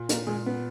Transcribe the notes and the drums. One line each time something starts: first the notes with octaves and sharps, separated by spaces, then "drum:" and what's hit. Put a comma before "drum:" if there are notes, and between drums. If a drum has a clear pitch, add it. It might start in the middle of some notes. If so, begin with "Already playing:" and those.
Already playing: A#2
A#3, drum: hi-hat
A#2 G#3
B3